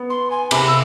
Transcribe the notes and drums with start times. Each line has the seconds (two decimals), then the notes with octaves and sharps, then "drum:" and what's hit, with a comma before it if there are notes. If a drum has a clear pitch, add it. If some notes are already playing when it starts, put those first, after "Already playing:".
Already playing: B3
0.10 C6
0.31 G#5
0.51 C3 B5, drum: cymbal
0.68 E6